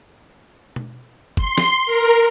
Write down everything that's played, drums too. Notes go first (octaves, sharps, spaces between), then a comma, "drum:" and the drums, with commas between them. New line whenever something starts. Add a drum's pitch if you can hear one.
drum: tom B2
C6, drum: kick
drum: snare
A#4